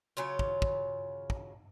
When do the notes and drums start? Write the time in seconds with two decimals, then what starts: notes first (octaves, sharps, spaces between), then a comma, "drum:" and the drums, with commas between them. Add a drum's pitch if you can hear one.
0.17 C#3 F#3 F4
0.39 drum: kick
0.62 drum: kick
1.30 drum: kick